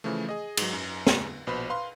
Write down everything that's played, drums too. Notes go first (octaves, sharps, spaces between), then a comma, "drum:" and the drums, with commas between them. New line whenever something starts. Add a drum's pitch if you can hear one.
C#3 E3 F3 A3
G#4 D#5
G#2 F#3, drum: cymbal
F#2
drum: snare
A#1 B2 B4 C5 B5 C6
B4 F5 C6